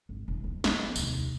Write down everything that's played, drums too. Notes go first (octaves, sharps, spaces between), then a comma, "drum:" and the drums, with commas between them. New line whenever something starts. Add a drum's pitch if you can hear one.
G#1
E1
B1 F3
F3, drum: snare
D#2 C3, drum: tambourine